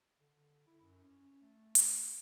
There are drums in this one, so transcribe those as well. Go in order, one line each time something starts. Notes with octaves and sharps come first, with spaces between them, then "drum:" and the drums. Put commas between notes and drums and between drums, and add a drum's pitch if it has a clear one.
D3
E4
F#2
C#4
A3
drum: hi-hat